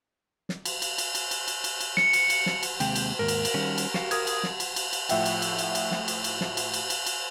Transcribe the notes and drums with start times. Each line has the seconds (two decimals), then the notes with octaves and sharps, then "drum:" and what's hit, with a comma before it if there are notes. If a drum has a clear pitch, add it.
0.49 drum: snare
0.65 drum: cymbal
0.82 drum: cymbal
0.98 drum: cymbal
1.15 drum: cymbal
1.31 drum: cymbal
1.48 drum: cymbal
1.64 drum: cymbal
1.80 drum: cymbal
1.97 C#7, drum: snare
2.13 drum: cymbal
2.30 drum: cymbal
2.46 drum: snare
2.63 drum: cymbal
2.80 D#2 C3 G#3 G5, drum: cymbal
2.96 drum: cymbal
3.19 D#2 G#2 A#4
3.28 drum: cymbal
3.45 drum: cymbal
3.54 D#3 G3 C#4
3.78 drum: cymbal
3.94 F#4 G4 F5, drum: snare
4.11 A#4 D#6 G#6, drum: cymbal
4.27 drum: cymbal
4.43 drum: snare
4.60 drum: cymbal
4.76 drum: cymbal
4.93 drum: cymbal
5.09 A2 F3 E5 F#5 G5, drum: cymbal
5.26 drum: cymbal
5.42 drum: cymbal
5.58 drum: cymbal
5.75 drum: cymbal
5.91 drum: snare
6.08 drum: cymbal
6.24 drum: cymbal
6.41 drum: snare
6.57 drum: cymbal
6.74 drum: cymbal
6.90 drum: cymbal
7.06 drum: cymbal